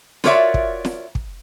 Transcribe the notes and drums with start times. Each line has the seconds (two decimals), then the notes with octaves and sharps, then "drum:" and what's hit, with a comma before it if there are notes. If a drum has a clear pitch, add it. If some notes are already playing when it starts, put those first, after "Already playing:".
0.24 F4 F#4 A#4 C#5 D5 E5, drum: snare
0.54 drum: kick
0.85 drum: snare
1.15 drum: kick